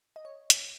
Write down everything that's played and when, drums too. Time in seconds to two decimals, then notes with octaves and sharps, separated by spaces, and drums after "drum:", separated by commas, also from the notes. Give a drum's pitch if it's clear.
0.16 D#5
0.25 C#5
0.50 drum: hi-hat